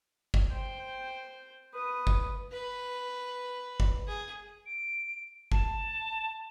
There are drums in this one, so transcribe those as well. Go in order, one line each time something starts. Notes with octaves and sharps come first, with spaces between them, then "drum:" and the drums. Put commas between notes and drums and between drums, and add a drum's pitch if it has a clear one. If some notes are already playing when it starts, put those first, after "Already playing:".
drum: kick G1
C5 G5
B4 D#6
drum: kick G1
B4
drum: kick G1
G#4
D7
A5, drum: kick G1